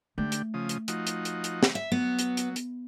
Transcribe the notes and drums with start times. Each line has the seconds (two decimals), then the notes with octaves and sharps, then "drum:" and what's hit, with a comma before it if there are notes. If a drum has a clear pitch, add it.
0.18 D3 A3 G4
0.32 drum: hi-hat
0.54 C#3 F3 D#6
0.69 drum: hi-hat
0.88 F3 D#4 F#4, drum: hi-hat
1.07 drum: hi-hat
1.25 drum: hi-hat
1.44 drum: hi-hat
1.63 drum: snare
1.75 E5
1.92 F#3 B3
2.19 drum: hi-hat
2.37 drum: hi-hat
2.56 drum: hi-hat